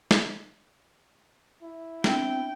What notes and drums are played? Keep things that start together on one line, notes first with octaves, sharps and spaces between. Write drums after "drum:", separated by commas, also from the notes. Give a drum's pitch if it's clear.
drum: snare
E4
B3 C4 D4 G5, drum: snare